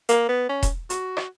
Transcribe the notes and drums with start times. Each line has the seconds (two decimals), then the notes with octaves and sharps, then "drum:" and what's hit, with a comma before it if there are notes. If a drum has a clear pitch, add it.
0.09 A#3, drum: hi-hat
0.28 B3
0.49 C#4
0.63 drum: kick E1, hi-hat
0.90 F#4, drum: hi-hat
1.17 drum: rim click